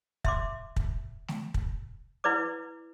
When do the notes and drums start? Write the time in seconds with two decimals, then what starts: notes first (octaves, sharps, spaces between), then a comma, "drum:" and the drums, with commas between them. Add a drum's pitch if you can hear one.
0.24 E5 C6 D6, drum: kick
0.76 drum: kick
1.28 drum: snare
1.54 drum: kick
2.24 E4 B4 D5 D6